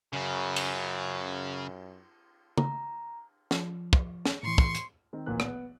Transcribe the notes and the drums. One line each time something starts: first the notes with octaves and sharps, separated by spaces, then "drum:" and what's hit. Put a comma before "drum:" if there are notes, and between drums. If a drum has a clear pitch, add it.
F#2 C#3
drum: cymbal
A#5, drum: tom
F3, drum: snare
drum: kick
drum: snare
A2 E3 C6 C#6
drum: kick
drum: hi-hat
D#3 C4
D1 A1 A#2 E3 A#3 F#6
B3, drum: rim click